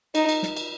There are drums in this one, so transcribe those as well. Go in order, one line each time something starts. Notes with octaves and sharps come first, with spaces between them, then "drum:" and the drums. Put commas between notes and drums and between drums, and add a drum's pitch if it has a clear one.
D#4, drum: cymbal
drum: cymbal
drum: snare
drum: cymbal